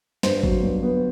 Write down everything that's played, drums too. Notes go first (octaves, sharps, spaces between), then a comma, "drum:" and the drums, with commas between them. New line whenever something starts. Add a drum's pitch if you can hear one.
G2 C5, drum: snare
F#3, drum: kick G#1
G2
B3